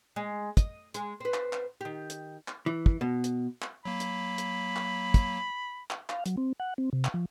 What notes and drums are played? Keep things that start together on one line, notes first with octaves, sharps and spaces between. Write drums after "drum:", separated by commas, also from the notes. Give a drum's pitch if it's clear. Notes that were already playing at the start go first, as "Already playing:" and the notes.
G#3
D#5, drum: kick, hi-hat
G#3, drum: hi-hat
C4 B4
drum: clap
drum: clap
D#3 G4
drum: hi-hat
drum: clap
E3
drum: kick
B2
drum: hi-hat
drum: clap
F#3 A#3 B5
drum: hi-hat
drum: hi-hat
drum: clap
drum: kick, hi-hat
drum: clap
F5, drum: clap
F#3, drum: hi-hat
C4
F#5
C4
C3
drum: clap
F3